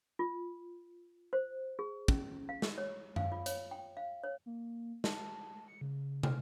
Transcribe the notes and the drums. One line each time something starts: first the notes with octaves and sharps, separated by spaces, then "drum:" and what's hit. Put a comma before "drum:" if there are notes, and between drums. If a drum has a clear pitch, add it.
F4
C5
G#4
C#4, drum: kick
F5
drum: snare
C#5
F5, drum: tom F#2
F4
C#5, drum: hi-hat
G5
F5
C#5
A#3
A5, drum: snare
C#7
C#3
F6, drum: tom